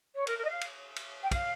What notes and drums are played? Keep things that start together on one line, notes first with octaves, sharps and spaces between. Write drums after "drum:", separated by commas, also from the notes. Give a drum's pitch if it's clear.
C#5
A#4, drum: cymbal
A#4
D#5
F5
drum: cymbal
drum: cymbal
G5
F5, drum: kick, cymbal